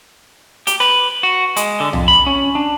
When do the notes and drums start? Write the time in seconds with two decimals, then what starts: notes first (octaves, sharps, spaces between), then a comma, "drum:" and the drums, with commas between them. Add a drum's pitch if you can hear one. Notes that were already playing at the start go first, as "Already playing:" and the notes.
0.67 G4, drum: hi-hat
0.80 B4, drum: rim click
1.23 F#4
1.56 G#3, drum: hi-hat
1.80 D3
1.93 F2, drum: tom
2.08 B5
2.26 C#4
2.55 D4